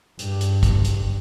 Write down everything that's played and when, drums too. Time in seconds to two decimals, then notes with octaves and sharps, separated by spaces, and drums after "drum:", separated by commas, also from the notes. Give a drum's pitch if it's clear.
0.19 G2, drum: hi-hat
0.41 drum: hi-hat
0.63 drum: kick, hi-hat
0.85 drum: hi-hat